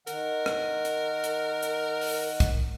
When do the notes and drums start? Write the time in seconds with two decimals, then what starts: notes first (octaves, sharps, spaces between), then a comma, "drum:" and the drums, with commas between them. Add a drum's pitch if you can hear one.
0.07 D#3 A#4 F#5, drum: hi-hat
0.46 drum: rim click
0.85 drum: hi-hat
1.24 drum: hi-hat
1.63 drum: hi-hat
2.01 drum: open hi-hat
2.40 drum: kick, hi-hat